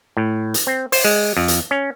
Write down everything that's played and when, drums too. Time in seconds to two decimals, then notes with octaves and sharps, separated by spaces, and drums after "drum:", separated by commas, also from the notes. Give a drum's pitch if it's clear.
0.17 A2
0.54 drum: hi-hat
0.67 C4
0.92 C5, drum: open hi-hat
1.05 G#3
1.37 F2
1.48 drum: hi-hat
1.71 C#4